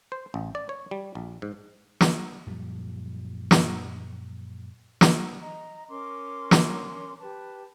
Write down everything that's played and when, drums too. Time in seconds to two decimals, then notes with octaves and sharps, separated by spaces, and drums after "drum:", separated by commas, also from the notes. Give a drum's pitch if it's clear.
0.12 C5
0.34 A1
0.55 D5
0.69 C#5
0.91 G3
1.15 A#1
1.42 G#2
2.01 drum: snare
2.47 F#2 A#2 F3 G3
3.51 drum: snare
5.01 drum: snare
5.41 D#5 A#5
5.89 C#4 A#4 C6 D6
6.51 drum: snare
7.20 G4 B4 A5